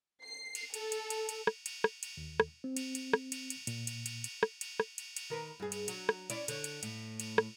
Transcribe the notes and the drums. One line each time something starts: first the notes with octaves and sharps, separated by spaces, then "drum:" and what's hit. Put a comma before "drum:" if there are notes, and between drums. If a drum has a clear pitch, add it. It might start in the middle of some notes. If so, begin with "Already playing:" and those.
C7
drum: cymbal
A4, drum: cymbal
drum: cymbal
drum: cymbal
drum: cymbal
drum: rim click
drum: cymbal
drum: rim click
drum: cymbal
D#2
drum: rim click
C4
drum: cymbal
drum: cymbal
drum: rim click
drum: cymbal
drum: cymbal
A#2, drum: cymbal
drum: cymbal
drum: cymbal
drum: cymbal
drum: rim click
drum: cymbal
drum: rim click
drum: cymbal
drum: cymbal
D#3 A#4 B4
G2 G#4
drum: cymbal
F#3, drum: cymbal
drum: rim click
C#4 E4 D5, drum: cymbal
D3 C#5, drum: cymbal
drum: cymbal
A2, drum: cymbal
drum: cymbal
drum: rim click